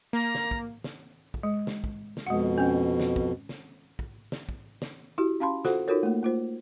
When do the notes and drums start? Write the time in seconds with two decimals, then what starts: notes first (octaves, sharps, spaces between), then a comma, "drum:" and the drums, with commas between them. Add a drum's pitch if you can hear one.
0.13 A#3 A#5
0.35 drum: snare
0.51 drum: kick
0.84 drum: snare
1.34 drum: kick
1.43 G#3
1.67 drum: snare
1.84 drum: kick
2.17 drum: snare
2.27 F2 B2 G#3 F#5
2.58 C4 C#4
3.00 drum: snare
3.16 drum: kick
3.49 drum: snare
3.99 drum: kick
4.32 drum: snare
4.49 drum: kick
4.82 drum: snare
5.18 E4 F#4 G4
5.40 C#4 F5 A5 B5 C6
5.65 F4 F#4 A4 C5 F#5, drum: snare
5.88 D#4 F4 F#4 A4 A#4 C#5
6.03 A3 A#3
6.23 A#3 F4 C5